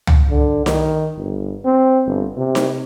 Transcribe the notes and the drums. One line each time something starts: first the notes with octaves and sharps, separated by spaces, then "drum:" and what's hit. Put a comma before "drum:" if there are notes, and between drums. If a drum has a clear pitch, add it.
drum: tom
D3
D#3, drum: snare D#4
G1
C4
G1
C3
drum: snare D#4